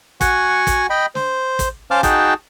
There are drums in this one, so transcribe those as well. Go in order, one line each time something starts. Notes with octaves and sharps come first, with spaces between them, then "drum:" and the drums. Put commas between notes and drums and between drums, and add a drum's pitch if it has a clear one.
F#4 F#5 G#5 C#6, drum: kick, hi-hat
drum: kick, hi-hat
D#5 G5 B5
C5, drum: snare
drum: kick, hi-hat
C#4 C5 F5 A5 D6 F6
D#4 F#4 G#4 G5 A5, drum: kick, hi-hat